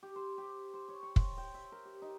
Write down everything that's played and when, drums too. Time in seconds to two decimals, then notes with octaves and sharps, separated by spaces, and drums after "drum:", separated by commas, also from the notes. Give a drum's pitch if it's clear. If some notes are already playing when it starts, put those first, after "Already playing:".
0.03 G4
0.16 C5
0.38 G4
0.74 C5
0.88 C#5
1.03 C#6
1.16 C5, drum: kick
1.38 G5
1.54 E5
1.72 A#4
1.85 G4
2.02 D#4